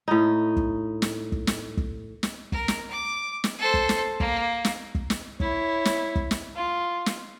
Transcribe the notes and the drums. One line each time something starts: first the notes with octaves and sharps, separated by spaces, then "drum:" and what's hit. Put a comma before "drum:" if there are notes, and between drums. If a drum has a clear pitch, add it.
A2 D#4
drum: kick
drum: snare
drum: kick
drum: snare
drum: kick
drum: snare
A#4, drum: kick
drum: snare
D6
drum: snare
A4 C5
drum: kick
drum: snare
A#3, drum: kick
drum: snare
drum: kick
drum: snare
E4 C#5, drum: kick
drum: snare
drum: kick
drum: snare
F4
drum: snare